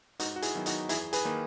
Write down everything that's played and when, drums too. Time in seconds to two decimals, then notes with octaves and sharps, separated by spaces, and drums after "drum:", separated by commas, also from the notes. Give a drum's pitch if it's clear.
0.20 G#2 D#4 F#4, drum: hi-hat
0.36 F#4
0.42 E4 G#4, drum: hi-hat
0.55 D#3 F#3 B3 D#4
0.66 D#4 F#4, drum: hi-hat
0.89 E2 E4 G#4, drum: hi-hat
1.13 G#4 B4, drum: hi-hat
1.25 D#3 A#3 D#4